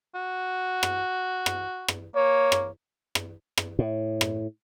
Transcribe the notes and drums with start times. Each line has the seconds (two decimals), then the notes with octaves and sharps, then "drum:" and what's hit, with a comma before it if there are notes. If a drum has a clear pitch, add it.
0.15 F#4
0.83 drum: rim click
1.46 drum: rim click
1.88 drum: rim click
2.16 A#3 C#5
2.52 drum: rim click
3.15 drum: rim click
3.58 drum: rim click
3.79 A2
4.21 drum: rim click